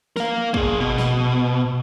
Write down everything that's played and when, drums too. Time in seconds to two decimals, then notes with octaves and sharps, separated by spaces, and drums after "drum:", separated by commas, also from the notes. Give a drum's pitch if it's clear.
0.16 A#4 F5, drum: snare
0.54 A#3 G#4, drum: kick
0.80 B2
0.98 drum: snare